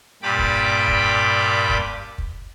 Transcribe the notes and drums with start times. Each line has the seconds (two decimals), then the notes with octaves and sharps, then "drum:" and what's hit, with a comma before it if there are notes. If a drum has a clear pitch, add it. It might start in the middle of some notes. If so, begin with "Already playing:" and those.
0.23 G2 A#2 G4 B5 D6
0.39 drum: kick
0.88 drum: kick
1.69 drum: kick
2.18 drum: kick